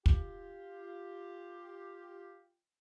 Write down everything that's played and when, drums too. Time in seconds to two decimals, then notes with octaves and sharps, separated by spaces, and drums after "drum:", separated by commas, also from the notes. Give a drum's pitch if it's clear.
0.06 F4 G4, drum: kick